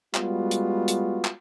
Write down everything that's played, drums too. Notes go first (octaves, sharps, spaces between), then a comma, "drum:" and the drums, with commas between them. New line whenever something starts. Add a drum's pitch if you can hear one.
G3 G#3 B3 F4 F#4, drum: clap
drum: hi-hat
drum: hi-hat
drum: clap